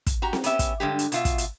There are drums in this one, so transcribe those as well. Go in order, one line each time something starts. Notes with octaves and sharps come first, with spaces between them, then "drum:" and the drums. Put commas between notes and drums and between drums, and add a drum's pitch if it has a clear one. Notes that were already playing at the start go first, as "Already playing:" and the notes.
drum: kick, hi-hat
F#4 G4 A#5
drum: snare C4
B3 C#4 G4 E5, drum: hi-hat
drum: kick, hi-hat
G2 D3 G#3 G4
drum: hi-hat
B2 F4 E5, drum: hi-hat
drum: kick, hi-hat
drum: hi-hat